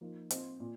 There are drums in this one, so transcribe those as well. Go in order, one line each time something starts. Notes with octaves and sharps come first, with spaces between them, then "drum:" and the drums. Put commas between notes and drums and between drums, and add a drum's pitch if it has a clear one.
F3 A#3 D#4
C4 F4 C5 D#5, drum: hi-hat
A#2